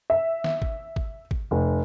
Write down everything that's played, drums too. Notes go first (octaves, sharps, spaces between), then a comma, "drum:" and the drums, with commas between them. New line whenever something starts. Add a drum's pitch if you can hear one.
E5
drum: snare
drum: kick G#1
drum: kick G#1
drum: kick G#1
F1